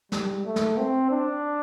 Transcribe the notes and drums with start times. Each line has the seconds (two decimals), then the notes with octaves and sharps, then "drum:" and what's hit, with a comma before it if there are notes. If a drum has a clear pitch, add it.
0.12 G3, drum: snare
0.45 A3
0.56 drum: snare
0.78 C4
1.11 D4